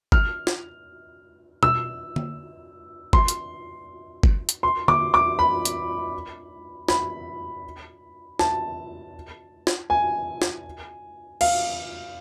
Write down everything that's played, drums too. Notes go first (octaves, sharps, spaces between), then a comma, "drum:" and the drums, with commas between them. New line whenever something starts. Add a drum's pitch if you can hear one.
F6, drum: kick G1
drum: snare
E6, drum: tom B2
drum: tom
C6, drum: kick G1
drum: hi-hat
drum: kick G1
drum: hi-hat
C6
D6, drum: tom
D6
B5
drum: hi-hat
B5, drum: snare
A5, drum: snare
drum: snare
G#5
drum: snare
F5, drum: cymbal